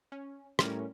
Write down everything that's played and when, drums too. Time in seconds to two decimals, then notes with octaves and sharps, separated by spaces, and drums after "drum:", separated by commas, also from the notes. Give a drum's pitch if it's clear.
0.12 C#4
0.59 A2 G3 C#4 A#4, drum: rim click